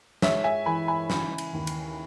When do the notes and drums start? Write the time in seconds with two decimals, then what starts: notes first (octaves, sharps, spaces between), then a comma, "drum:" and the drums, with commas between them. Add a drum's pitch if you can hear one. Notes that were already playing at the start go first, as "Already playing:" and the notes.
0.22 G#3 C#5 E5, drum: snare
0.44 E5 G#5
0.66 E3 G#5 B5
0.88 G#5 B5
1.10 C#3, drum: snare
1.38 drum: cymbal
1.53 D#2
1.67 drum: cymbal